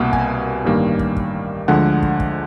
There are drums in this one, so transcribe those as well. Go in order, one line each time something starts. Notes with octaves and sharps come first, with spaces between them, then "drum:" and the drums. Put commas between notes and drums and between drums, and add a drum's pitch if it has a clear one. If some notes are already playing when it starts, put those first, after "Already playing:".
Already playing: C2 B2 G3 A#3 F#5
G#5, drum: kick
A1 G2 D#3 G3 A#3
drum: kick
drum: kick
D2 D3 F3 G#3 F#5
drum: kick
drum: kick